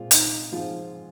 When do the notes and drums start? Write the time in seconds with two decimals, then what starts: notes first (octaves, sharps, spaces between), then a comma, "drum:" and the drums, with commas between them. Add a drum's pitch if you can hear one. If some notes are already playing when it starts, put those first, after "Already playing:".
Already playing: A#2 G#3 C4 F4
0.11 D#4, drum: hi-hat
0.52 G#2 F3 G#3 C4 F4